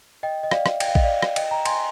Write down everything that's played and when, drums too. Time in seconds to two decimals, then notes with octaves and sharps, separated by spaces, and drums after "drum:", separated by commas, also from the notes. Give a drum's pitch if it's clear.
0.23 D#5 G5
0.43 D#5
0.51 D5 F5, drum: rim click
0.66 drum: rim click
0.80 G5, drum: cymbal
0.88 F5
0.95 D#5, drum: kick A#1
1.03 D5 F5
1.22 drum: rim click
1.36 D#5 G5, drum: cymbal
1.51 G5 A#5
1.65 G#5 C6, drum: cymbal